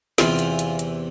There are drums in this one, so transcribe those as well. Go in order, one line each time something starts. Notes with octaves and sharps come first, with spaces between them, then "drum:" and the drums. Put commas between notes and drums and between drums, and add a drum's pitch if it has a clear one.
E2 C3 E3 F4, drum: snare
drum: hi-hat
drum: hi-hat
drum: hi-hat